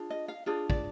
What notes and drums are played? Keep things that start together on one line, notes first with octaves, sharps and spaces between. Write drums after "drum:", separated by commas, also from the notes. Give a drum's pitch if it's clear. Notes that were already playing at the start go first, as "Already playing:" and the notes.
Already playing: D4 F4 G#4
D#5
F5
D4 F4 G#4 D5
D5, drum: kick